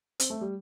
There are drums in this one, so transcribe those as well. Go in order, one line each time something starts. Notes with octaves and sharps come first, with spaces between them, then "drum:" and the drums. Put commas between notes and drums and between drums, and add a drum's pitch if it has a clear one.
C4, drum: hi-hat
A3
G3